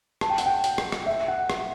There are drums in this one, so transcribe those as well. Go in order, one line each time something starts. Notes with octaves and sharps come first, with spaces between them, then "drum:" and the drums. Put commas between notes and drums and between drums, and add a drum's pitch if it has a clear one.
A5, drum: rim click
G5
F#5, drum: hi-hat
G5
drum: hi-hat
drum: rim click
drum: rim click
E5
F#5
drum: rim click